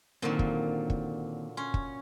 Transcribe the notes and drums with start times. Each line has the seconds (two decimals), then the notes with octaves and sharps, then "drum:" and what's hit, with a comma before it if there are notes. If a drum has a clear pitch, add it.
0.22 A#2 D3 D#3 F#3 A#3 C4
0.39 drum: kick
0.90 drum: kick
1.57 C#4 C6
1.74 drum: kick